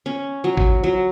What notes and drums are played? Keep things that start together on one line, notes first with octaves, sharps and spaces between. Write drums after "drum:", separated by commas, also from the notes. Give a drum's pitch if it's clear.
C#4
F#3
drum: kick
F#3